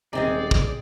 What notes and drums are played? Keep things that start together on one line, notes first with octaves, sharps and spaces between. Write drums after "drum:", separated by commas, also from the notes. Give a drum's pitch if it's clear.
D#1 C3 G#3 C4 D#4 G#4 D5 A#5
drum: kick